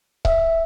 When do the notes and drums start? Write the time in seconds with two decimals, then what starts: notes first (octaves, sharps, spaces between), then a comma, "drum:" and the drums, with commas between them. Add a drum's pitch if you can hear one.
0.25 E5, drum: kick C#1